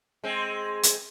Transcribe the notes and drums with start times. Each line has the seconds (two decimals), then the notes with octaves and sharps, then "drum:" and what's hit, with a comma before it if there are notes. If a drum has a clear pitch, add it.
0.24 G#3 C4
0.83 drum: hi-hat